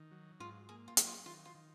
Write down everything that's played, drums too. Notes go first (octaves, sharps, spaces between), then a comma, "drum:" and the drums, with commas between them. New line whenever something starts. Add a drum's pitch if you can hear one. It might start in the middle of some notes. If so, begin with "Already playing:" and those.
Already playing: D#3
F#3
G#2 F4
A#3 G#4
F4
F#3, drum: hi-hat
F4
D#3 F4
F4
D#3